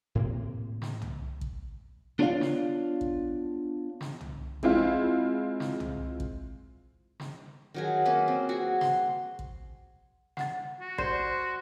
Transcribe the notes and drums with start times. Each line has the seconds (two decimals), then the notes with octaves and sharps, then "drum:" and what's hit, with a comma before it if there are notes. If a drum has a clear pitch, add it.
0.15 A2 C3 A#3
0.82 drum: snare
1.02 drum: tom
1.41 drum: kick
2.19 B3 D4 F4 C#5 D5 F5
2.41 drum: snare
3.01 drum: kick
4.01 drum: snare
4.21 drum: tom
4.63 G#3 C4 E4 F4, drum: kick
5.60 drum: snare
5.80 drum: tom
6.20 drum: kick
7.20 drum: snare
7.74 D#3 F#3 G#4
8.05 A#3 C#4 B4
8.28 C4
8.49 F#4 G#4
8.81 C6, drum: snare
9.39 drum: kick
10.37 F#5 A6, drum: snare
10.81 F#4
10.98 C5 D5, drum: kick